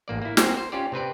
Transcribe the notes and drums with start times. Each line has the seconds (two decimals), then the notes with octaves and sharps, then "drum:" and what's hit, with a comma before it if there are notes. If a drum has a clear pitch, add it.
0.08 A1 A#3 D5
0.22 A#3 E4
0.37 C4 F#4 A#4 C5 G#5, drum: snare
0.57 C5
0.72 C#4 F4 G4 D5
0.92 C3 C4 B4 D5